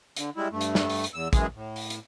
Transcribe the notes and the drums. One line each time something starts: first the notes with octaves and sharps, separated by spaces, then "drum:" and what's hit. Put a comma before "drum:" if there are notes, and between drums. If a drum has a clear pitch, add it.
D3, drum: hi-hat
G3 G#3 E4
G2 A3
drum: hi-hat
drum: snare
drum: open hi-hat
drum: hi-hat
E2 E6
F#2 E3 G#3 G#4, drum: kick, hi-hat
A2
drum: open hi-hat
drum: hi-hat